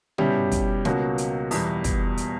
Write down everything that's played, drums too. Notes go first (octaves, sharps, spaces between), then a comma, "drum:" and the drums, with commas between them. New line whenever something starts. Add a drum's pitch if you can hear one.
B2 G3 C#4 E4 G4, drum: tom
drum: kick, hi-hat
C#2 B2 A#3 C#4 F#4, drum: snare
drum: hi-hat
E2 B2 G3, drum: open hi-hat
drum: kick, hi-hat
drum: hi-hat